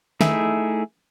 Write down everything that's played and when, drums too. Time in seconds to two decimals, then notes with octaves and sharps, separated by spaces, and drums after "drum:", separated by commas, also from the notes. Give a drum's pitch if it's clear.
0.21 A3 D#4 E4 G#4 E5, drum: snare